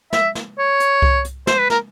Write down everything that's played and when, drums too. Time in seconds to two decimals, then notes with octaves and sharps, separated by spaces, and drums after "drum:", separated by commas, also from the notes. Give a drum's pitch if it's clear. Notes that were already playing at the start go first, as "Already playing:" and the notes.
0.13 E5, drum: snare
0.35 drum: snare
0.58 C#5
0.80 drum: hi-hat
1.02 drum: kick C2
1.25 drum: hi-hat
1.47 C5, drum: snare
1.58 B4
1.70 A#4, drum: snare